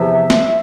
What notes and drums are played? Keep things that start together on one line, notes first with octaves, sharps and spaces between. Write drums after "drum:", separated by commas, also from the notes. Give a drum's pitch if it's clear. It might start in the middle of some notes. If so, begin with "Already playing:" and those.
Already playing: E2 C3 F3 E5
drum: snare